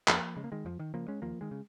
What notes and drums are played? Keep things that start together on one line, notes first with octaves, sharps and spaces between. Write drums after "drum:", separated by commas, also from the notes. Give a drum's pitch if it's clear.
F2 F3 A#3, drum: clap
C#3 G#3
A#3
D#3 G#3
F2 F3
D#3
C#3 F3 A#3
G#3 C#4
D#2 F3 A#3
D#3 G#3
C#3